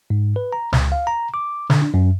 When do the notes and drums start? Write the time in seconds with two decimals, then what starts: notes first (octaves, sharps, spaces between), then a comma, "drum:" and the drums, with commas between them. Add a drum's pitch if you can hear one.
0.10 G#2
0.36 B4
0.53 A#5
0.73 C#2, drum: snare
0.92 F5
1.07 A#5
1.34 D6
1.70 D3, drum: snare
1.82 D4
1.94 F#2